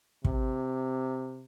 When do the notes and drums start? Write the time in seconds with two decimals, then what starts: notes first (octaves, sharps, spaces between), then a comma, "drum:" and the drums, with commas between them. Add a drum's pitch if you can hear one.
0.25 C3, drum: kick